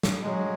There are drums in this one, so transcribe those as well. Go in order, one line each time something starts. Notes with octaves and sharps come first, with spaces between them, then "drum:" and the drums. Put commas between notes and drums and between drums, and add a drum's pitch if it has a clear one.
drum: snare
F#3 G#3